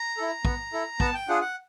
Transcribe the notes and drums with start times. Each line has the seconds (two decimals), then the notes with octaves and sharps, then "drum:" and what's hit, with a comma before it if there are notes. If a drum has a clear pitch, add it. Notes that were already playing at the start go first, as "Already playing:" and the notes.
Already playing: A#5
0.17 E4 A4
0.45 B3, drum: kick
0.73 E4 A4
1.00 B3 A5, drum: kick
1.14 G5
1.28 D4 F4 G#4 F#5
1.41 F#5